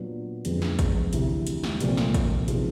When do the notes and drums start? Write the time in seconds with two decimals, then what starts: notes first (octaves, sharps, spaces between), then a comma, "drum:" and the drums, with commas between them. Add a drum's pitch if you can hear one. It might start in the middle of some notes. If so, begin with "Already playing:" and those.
Already playing: A#2 F#3 B3 D4 F4
0.45 F2 D3 F3 G#3 B3, drum: hi-hat
0.62 drum: snare
0.79 drum: kick A1, hi-hat
1.13 D2 C3 E3, drum: hi-hat
1.47 drum: hi-hat
1.64 drum: snare
1.80 C2 A#2 F3 A3 C4, drum: hi-hat
1.97 drum: snare
2.14 drum: kick A1, hi-hat
2.48 C3 F3 G#3 B3 D#4, drum: hi-hat